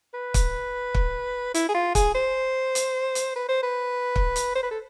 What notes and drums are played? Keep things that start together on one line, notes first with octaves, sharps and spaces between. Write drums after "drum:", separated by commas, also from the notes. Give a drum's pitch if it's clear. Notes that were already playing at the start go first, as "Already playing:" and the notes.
B4
drum: kick, hi-hat
drum: kick
E4, drum: hi-hat
G#4
F4
G#4, drum: kick, hi-hat
C5
drum: hi-hat
drum: hi-hat
B4
C5
B4
drum: kick
drum: hi-hat
C5
B4
A4